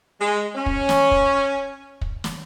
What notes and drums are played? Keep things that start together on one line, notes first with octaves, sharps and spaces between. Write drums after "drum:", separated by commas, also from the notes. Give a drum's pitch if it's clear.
G#3
C#4
drum: kick
drum: snare
drum: kick
drum: kick
drum: snare